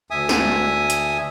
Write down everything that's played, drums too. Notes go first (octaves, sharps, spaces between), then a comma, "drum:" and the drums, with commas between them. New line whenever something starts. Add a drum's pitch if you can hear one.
D2 E5 G#5 D#6
drum: snare
drum: hi-hat